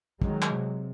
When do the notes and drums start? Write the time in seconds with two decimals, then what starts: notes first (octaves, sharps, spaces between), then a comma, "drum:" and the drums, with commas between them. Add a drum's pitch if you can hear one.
0.22 D#3 F#3 G#3, drum: kick
0.42 drum: clap
0.54 C3